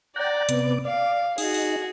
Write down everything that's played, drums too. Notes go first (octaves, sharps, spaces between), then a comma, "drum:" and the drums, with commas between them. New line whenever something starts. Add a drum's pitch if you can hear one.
D5 F#5 G5 A#5
C3 B3 D6, drum: hi-hat
D5 F5
D#4 F#4 G#4, drum: open hi-hat
drum: open hi-hat